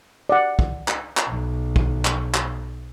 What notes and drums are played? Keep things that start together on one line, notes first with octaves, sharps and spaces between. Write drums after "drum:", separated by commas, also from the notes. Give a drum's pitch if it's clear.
D5 F#5
drum: kick
drum: clap
drum: clap
B1
drum: kick
drum: clap
drum: clap